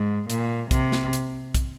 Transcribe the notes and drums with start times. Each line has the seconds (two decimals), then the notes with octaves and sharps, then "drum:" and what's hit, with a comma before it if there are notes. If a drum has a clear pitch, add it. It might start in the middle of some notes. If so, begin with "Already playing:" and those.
Already playing: G#2
0.30 A#2, drum: hi-hat
0.71 C3, drum: kick, hi-hat
0.92 drum: snare
1.13 drum: hi-hat
1.55 drum: kick, hi-hat